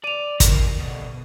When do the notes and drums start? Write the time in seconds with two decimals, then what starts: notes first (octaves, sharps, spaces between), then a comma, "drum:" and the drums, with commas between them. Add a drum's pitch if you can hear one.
0.04 D5 D#7 F7
0.40 D#2 A#3, drum: kick, hi-hat
0.79 B2 D3